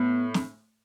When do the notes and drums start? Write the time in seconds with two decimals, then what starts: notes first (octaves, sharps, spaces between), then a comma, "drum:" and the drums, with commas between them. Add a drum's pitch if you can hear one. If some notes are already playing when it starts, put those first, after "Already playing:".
Already playing: A2 B3
0.34 drum: snare